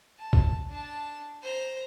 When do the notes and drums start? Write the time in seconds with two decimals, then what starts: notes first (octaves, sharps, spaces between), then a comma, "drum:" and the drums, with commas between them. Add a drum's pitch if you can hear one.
0.19 A5
0.33 drum: kick
0.69 D4 A5
1.43 C5 A#5